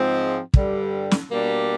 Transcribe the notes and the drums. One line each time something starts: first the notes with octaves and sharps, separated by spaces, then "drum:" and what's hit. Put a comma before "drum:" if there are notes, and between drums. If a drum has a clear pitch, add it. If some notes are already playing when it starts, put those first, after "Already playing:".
Already playing: G#2 F3 G#3 C4 F4
G2 D3 G3, drum: kick
drum: snare
B2 G3 A#3 D4 G4